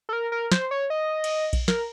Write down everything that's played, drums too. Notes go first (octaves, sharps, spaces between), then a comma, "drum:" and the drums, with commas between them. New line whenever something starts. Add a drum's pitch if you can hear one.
A4
A#4
A#4
C5, drum: snare
C#5
D#5
drum: cymbal
drum: kick A#1, cymbal
A#4, drum: snare